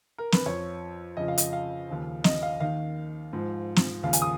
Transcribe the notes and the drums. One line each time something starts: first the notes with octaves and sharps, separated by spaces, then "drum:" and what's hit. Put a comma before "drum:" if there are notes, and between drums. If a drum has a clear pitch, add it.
A#4
B4, drum: snare
F2 F3 C#5
F2 C#3 F3 D#5
F5
D#5, drum: hi-hat
F5
D#2 C#3 F3
D#5, drum: snare
F5
D#2 D#3 F5
G#2 F3
drum: snare
D#2 C#3 F3 F5
G#5, drum: hi-hat
D#6